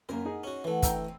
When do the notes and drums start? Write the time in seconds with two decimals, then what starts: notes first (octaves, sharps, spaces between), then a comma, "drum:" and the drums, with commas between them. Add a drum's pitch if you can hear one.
0.09 F#2 A#2 F#3 A#3 B3 A#4
0.25 D#4 G#4
0.43 C#4 F#4
0.64 E3 F#3 A3 F#5
0.82 G5 A#5 E6, drum: kick, hi-hat
1.04 B2 E3 C4